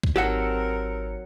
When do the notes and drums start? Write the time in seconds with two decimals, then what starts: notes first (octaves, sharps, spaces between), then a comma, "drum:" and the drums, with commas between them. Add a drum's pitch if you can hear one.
0.03 drum: kick
0.16 G#1 F#3 C4 G4 A4 A#4 F#5 C#7